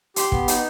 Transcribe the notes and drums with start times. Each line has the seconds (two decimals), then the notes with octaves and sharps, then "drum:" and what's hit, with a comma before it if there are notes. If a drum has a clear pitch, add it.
0.16 G4 C6, drum: hi-hat
0.32 B3, drum: kick
0.48 D#4, drum: hi-hat